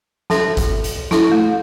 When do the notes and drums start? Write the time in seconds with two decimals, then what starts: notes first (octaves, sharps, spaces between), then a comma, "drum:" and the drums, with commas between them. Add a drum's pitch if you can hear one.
0.30 A4 E5 A5 C6, drum: snare
0.57 drum: kick G1, hi-hat
0.84 drum: hi-hat
1.11 E4 A4 E5 A5 C6, drum: snare
1.32 A3